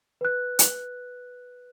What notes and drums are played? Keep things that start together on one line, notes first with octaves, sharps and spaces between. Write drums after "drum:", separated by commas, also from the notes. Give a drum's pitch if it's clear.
B4 F#6
drum: hi-hat